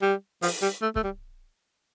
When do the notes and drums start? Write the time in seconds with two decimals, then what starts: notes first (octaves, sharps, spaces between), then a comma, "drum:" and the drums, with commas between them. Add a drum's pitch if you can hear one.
0.02 G3
0.42 F3, drum: open hi-hat
0.62 G3
0.82 A3
0.96 A3, drum: kick C#1
1.03 G3